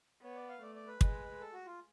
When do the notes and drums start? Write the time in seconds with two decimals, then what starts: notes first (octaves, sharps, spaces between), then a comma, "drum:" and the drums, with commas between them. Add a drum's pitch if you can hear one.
0.22 B3 C#5
0.35 D5
0.49 F5
0.62 A3 D5
0.75 D5
0.87 B4
1.01 G#3, drum: kick
1.40 A4
1.53 F#4
1.66 F4